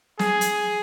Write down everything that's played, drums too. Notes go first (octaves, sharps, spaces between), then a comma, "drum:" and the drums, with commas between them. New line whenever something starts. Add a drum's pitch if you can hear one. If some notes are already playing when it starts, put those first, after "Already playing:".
G#4, drum: snare
drum: hi-hat